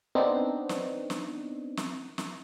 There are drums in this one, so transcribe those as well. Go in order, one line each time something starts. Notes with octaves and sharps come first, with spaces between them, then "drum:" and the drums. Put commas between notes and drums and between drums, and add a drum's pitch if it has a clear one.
B3 C4 D4 D#4
drum: snare
drum: snare
drum: snare
drum: snare